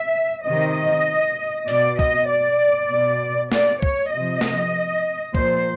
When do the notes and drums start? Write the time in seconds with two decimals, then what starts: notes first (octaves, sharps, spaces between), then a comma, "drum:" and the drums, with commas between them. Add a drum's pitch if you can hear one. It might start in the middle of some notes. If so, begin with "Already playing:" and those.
Already playing: E5
0.45 C3 D#3 D#5
1.68 B2 D5, drum: open hi-hat
1.99 D#5, drum: kick
2.30 D5
2.91 B2
3.52 D5, drum: snare
3.82 C#5, drum: kick
4.12 C3 F3 D#5
4.41 drum: snare
5.35 A#2 F3 C5, drum: kick